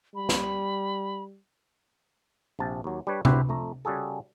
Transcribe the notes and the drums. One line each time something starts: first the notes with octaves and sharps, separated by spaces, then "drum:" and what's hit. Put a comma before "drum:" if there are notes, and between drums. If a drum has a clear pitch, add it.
G3 B5
drum: snare
A#1 C3 A5
D#2 F#3
G3 D4 B4 C#5
E4 F#4 G4 B4 C5, drum: tom C3
F2 A3 A#5
C#3 G3 F#4 G#4 A4